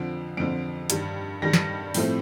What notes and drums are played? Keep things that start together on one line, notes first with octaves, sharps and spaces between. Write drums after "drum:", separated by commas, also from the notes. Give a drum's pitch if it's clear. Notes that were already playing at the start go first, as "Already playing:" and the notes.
Already playing: F2 D3 F3 D7
F2 D3 F3 D7
G2 D#3 G3, drum: hi-hat
G2 D#3 G3 A#6
drum: snare
A2 F3 A3 C4, drum: open hi-hat